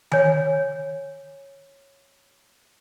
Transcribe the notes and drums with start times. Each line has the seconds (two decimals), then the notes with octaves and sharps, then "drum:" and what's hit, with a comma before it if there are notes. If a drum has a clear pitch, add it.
0.12 C#5 G#5, drum: tom D#3